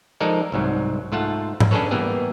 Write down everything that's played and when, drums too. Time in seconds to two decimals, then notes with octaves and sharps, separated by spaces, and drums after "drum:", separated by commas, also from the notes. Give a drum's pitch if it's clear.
0.20 F3 G#3 D#4 A4 A#4 D5
0.52 C2 G#2 F#3
1.12 G#2 A3 F4 F#5 A5
1.60 drum: tom G#2
1.71 C#4 D4 G#4 A4 B4 C#5
1.91 E3 G3 A#3 B3 G#4